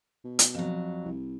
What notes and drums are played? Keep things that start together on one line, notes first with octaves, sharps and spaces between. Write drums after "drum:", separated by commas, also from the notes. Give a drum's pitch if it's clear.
B2
drum: hi-hat
F2 F#3
C2